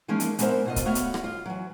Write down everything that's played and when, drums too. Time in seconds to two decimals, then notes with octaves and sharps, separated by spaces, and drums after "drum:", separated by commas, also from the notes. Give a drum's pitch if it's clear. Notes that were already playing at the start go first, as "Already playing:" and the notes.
0.08 E3 F3 G#3 A#3 C#4 D#4
0.20 drum: hi-hat
0.39 G#3 B3 D4 A#4 C5 E5, drum: hi-hat
0.66 B2 F4 D#5
0.76 drum: kick C#1, hi-hat
0.85 A3 B3 F#4 C#5 D#5 F5
0.95 drum: hi-hat
1.14 drum: rim click
1.24 F4
1.46 E3 F#3